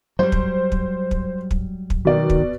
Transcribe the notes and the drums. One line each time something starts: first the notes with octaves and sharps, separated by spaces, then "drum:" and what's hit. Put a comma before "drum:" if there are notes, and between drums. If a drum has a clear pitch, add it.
F#3 G3 C5
drum: kick
drum: kick
drum: kick
drum: kick
drum: kick
B2 D#3 D5
drum: kick